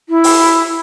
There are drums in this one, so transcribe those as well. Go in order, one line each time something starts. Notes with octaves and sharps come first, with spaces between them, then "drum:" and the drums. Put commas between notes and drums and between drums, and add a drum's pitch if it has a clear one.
E4
drum: open hi-hat